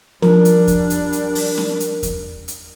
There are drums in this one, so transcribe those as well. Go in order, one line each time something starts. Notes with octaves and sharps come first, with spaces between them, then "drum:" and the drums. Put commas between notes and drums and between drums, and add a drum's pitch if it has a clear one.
F3 G3 D4 A#4, drum: snare C#4
drum: hi-hat
drum: kick E2, hi-hat
drum: hi-hat
drum: hi-hat
drum: open hi-hat
drum: snare C#4
drum: hi-hat
drum: kick E2, hi-hat
drum: hi-hat